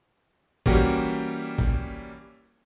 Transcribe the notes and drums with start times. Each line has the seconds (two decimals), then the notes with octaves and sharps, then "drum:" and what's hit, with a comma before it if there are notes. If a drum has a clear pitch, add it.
0.66 E3 G3 A#3 C#4 F#4 G4, drum: kick
1.58 drum: kick